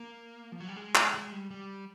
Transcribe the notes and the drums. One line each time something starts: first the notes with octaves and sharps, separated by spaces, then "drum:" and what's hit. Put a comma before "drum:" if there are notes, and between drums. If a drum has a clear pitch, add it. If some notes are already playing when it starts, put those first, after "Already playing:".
Already playing: A#3
F3
F#3
G3
G#3
drum: clap
G#3
G3
G3